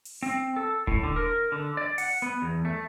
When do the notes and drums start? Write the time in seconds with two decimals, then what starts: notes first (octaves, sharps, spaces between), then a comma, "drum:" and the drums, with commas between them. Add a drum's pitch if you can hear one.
0.05 drum: open hi-hat
0.22 C4
0.56 A4
0.87 A2, drum: kick D#1
1.03 D3
1.16 A#4
1.52 D3
1.77 D5
1.98 F#5, drum: open hi-hat
2.22 B3
2.42 E2
2.65 A3